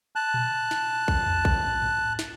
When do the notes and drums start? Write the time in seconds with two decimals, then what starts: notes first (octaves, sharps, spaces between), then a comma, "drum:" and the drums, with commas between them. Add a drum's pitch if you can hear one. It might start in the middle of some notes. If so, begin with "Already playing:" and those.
0.16 A5 F#6
0.34 drum: tom A#2
0.71 drum: snare
1.08 drum: kick A#1
1.26 drum: tom E2
1.45 drum: kick A#1
1.82 drum: tom G#2
2.19 drum: snare